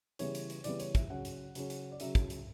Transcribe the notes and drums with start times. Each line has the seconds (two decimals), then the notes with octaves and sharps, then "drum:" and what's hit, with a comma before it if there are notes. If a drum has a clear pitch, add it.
0.19 C#3 E3 G3 B3 C#5, drum: hi-hat
0.35 drum: hi-hat
0.50 drum: hi-hat
0.64 C#3 E3 G3 B3 D5, drum: hi-hat
0.80 C#5, drum: hi-hat
0.95 E5, drum: kick, hi-hat
1.10 C#3 F#3 C#4 F#5
1.25 drum: hi-hat
1.55 C#3 F#3 C#4, drum: hi-hat
1.70 drum: hi-hat
1.92 D5
2.00 C#3 F#3 C#4 E5, drum: hi-hat
2.15 drum: kick, hi-hat
2.30 drum: hi-hat